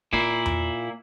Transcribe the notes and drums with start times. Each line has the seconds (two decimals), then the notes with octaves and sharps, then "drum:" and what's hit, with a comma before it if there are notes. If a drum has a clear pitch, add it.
0.13 A#2 A#3 E4, drum: kick
0.46 drum: tom E2